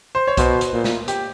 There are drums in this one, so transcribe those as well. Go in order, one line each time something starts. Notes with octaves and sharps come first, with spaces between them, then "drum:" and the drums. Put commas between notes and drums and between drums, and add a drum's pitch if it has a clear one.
C5
C#5
B2 C5, drum: kick, hi-hat
drum: hi-hat
A#2
drum: snare
G4, drum: hi-hat